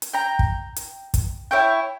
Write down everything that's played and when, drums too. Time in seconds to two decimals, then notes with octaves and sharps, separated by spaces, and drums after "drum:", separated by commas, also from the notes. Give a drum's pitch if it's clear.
0.02 drum: hi-hat
0.14 G5 A#5
0.39 drum: kick
0.76 drum: hi-hat
1.14 drum: kick, hi-hat
1.51 E4 C#5 G5